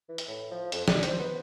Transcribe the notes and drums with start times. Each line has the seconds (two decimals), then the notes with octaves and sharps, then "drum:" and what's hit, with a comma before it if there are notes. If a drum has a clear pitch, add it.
0.09 E3
0.18 drum: hi-hat
0.28 A2
0.51 F3
0.72 F2, drum: hi-hat
0.88 G3, drum: snare
1.03 C5, drum: hi-hat
1.20 B3